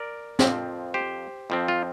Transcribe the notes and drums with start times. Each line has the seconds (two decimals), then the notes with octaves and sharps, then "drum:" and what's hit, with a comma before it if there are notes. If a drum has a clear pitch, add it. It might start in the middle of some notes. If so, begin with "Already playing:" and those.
Already playing: A#4 D5
0.39 F2 F3 C4, drum: snare
0.94 G4 C5
1.50 F2 F3 C4
1.68 F4